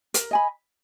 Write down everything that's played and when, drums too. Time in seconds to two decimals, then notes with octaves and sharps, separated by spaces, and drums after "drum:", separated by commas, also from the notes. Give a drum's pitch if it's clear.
0.14 A#4, drum: hi-hat
0.31 D#5 G#5 B5